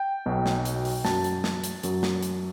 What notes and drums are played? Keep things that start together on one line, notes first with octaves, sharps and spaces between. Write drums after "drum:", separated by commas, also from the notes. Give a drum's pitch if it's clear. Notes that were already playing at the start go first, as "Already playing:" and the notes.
Already playing: G5
B1 B2 F#3
drum: snare
drum: hi-hat
drum: open hi-hat
F#2 F#3 A5, drum: snare
drum: hi-hat
drum: snare
drum: hi-hat
F#2 F#3, drum: hi-hat
drum: snare
drum: hi-hat